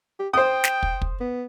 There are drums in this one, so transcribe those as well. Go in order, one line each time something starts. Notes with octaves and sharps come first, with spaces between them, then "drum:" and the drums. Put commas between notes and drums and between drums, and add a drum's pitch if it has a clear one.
G4
C5 G5 D#6
drum: snare
drum: kick
drum: kick
B3